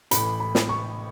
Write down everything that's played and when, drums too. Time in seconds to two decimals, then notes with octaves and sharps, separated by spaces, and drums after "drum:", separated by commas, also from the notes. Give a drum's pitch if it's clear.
0.11 A1 A2 E3 B5, drum: hi-hat
0.40 B5
0.55 drum: snare
0.69 C#6